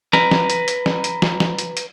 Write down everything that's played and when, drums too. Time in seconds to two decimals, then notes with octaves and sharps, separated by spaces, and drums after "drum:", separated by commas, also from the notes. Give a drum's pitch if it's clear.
0.13 B4 A#5, drum: snare
0.31 drum: snare
0.50 drum: hi-hat
0.68 drum: hi-hat
0.86 drum: snare
1.04 drum: hi-hat
1.22 drum: snare
1.40 drum: snare
1.59 drum: hi-hat
1.77 drum: hi-hat